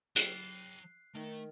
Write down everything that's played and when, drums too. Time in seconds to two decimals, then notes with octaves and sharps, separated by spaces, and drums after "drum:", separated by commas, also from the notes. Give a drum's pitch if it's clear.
0.16 F#3 G5 F#6 C7, drum: hi-hat
1.14 D#3 A3 A#4